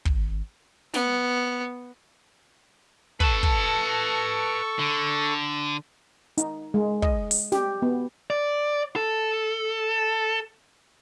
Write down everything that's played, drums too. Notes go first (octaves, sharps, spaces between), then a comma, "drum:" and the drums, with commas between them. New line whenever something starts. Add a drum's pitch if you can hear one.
G#1, drum: kick
B3, drum: snare
A4 B4 A5 C#6, drum: kick
drum: kick
D3
D#4, drum: hi-hat
G#3
D#5, drum: kick
drum: open hi-hat
G4, drum: snare
B3
D5
A4